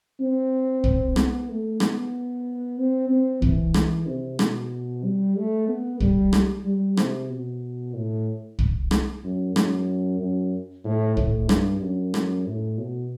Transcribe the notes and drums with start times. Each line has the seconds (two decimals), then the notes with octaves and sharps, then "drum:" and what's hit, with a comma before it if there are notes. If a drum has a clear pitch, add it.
0.20 C4
0.84 drum: kick
1.16 B3, drum: rim click
1.49 A3
1.80 B3, drum: rim click
2.78 C4
3.09 C4
3.42 E3, drum: kick
3.74 drum: rim click
4.06 C3
4.39 B2, drum: rim click
5.04 G3
5.36 A3
5.68 B3
6.00 G3, drum: kick
6.33 drum: rim click
6.64 G3
6.97 C3, drum: rim click
7.30 B2
7.94 A2
8.59 drum: kick
8.91 drum: rim click
9.24 F#2
9.56 F#2, drum: rim click
10.20 F#2
10.84 A2
11.17 A2, drum: kick
11.49 G2, drum: rim click
11.81 F#2
12.14 drum: rim click
12.46 A2
12.78 B2